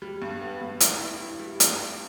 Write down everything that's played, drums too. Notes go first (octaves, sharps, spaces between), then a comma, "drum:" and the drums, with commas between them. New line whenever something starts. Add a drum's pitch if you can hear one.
G3
G2
B3
G2
E4, drum: hi-hat
E4
E4
G3
G2, drum: hi-hat
E4